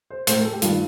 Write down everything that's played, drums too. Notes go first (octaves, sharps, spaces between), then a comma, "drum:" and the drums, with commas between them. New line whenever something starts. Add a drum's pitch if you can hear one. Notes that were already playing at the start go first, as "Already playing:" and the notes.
C5
A2 A3 C5, drum: hi-hat
A#4
A4
G4
G2 D#3 A3 F4, drum: hi-hat